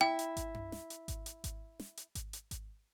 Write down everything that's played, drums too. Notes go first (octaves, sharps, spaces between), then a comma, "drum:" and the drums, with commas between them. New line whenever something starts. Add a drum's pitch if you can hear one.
E4 G5
drum: hi-hat
drum: kick G#1, hi-hat
drum: tom F#2
drum: snare
drum: hi-hat
drum: kick G#1, hi-hat
drum: hi-hat
drum: kick G#1, hi-hat
drum: snare
drum: hi-hat
drum: kick G#1, hi-hat
drum: hi-hat
drum: kick G#1, hi-hat